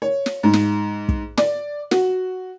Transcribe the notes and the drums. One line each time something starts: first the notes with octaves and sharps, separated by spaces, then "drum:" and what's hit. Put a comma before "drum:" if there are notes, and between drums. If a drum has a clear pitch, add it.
C#5
drum: snare
G#2
drum: snare
drum: kick
D5, drum: snare
F#4, drum: snare